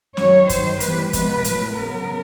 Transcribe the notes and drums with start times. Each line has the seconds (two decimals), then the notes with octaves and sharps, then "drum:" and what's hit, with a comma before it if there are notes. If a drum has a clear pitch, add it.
0.17 F#2 D#3 F#3 C#5, drum: snare
0.49 G2 D#3 F#3 C5, drum: kick, hi-hat
0.80 A2 E3 G3 B3 B4, drum: hi-hat
1.13 C3 F3 G#3 B3 B4, drum: kick, hi-hat
1.44 A2 F#3 A3, drum: hi-hat
1.76 C#3 F#3 B3 A#4